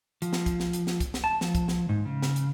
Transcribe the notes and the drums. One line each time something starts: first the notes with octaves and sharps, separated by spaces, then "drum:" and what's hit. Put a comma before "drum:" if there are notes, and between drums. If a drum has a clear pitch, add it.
F3, drum: hi-hat
drum: snare
drum: kick, hi-hat
drum: snare
drum: hi-hat
drum: snare
drum: kick, hi-hat
drum: snare
A5
F3, drum: snare
drum: kick, hi-hat
drum: snare
G#2
C#3
drum: snare
drum: hi-hat